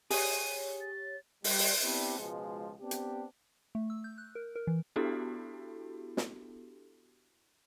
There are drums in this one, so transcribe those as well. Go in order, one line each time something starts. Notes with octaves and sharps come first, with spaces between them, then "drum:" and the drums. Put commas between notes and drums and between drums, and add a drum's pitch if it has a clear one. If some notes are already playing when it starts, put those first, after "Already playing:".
G4 G#4 C#5 D#7, drum: open hi-hat
A6
G3, drum: open hi-hat
drum: open hi-hat
B3 C4 D4 E4 G4
C#2 B2 F3 G#3
B3 C4 D4 G4
drum: hi-hat
A3
E6
G6
F#6
A#4
A#4
E3
B3 D4 E4 F#4 G4 A4
drum: snare